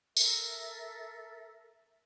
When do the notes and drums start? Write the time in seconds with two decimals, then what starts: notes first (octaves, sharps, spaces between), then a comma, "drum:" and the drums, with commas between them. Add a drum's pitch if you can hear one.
0.17 A4 A#4 E5, drum: tambourine